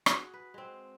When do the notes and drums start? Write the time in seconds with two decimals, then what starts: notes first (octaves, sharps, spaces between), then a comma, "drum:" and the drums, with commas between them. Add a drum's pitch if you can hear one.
0.06 F#4 G#4, drum: rim click
0.34 B4
0.54 G#3 C4